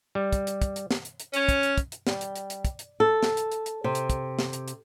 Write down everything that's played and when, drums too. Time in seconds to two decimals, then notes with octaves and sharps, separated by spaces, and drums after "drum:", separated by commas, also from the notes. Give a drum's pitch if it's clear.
0.15 G3
0.33 drum: kick, hi-hat
0.47 drum: hi-hat
0.62 drum: kick, hi-hat
0.76 drum: hi-hat
0.91 drum: snare
1.05 drum: hi-hat
1.20 drum: hi-hat
1.34 C#4, drum: hi-hat
1.49 drum: kick, hi-hat
1.63 drum: hi-hat
1.78 drum: kick, hi-hat
1.92 drum: hi-hat
2.07 G3, drum: snare
2.21 drum: hi-hat
2.36 drum: hi-hat
2.50 drum: hi-hat
2.65 drum: kick, hi-hat
2.79 drum: hi-hat
3.00 A4
3.23 drum: snare
3.37 drum: hi-hat
3.52 drum: hi-hat
3.66 drum: hi-hat
3.84 C3
3.95 drum: hi-hat
4.10 drum: kick, hi-hat
4.39 drum: snare
4.53 drum: hi-hat
4.68 drum: hi-hat